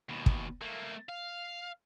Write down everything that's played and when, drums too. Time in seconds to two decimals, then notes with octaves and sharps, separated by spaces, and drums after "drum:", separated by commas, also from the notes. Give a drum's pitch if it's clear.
0.09 D#2 B2
0.26 drum: kick
0.61 A3 A#3
1.09 F5